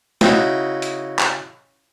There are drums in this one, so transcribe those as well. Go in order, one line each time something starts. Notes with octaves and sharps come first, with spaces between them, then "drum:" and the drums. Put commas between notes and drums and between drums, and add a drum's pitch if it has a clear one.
C#3 D#4 E4 F#4 G5, drum: snare
drum: hi-hat
drum: clap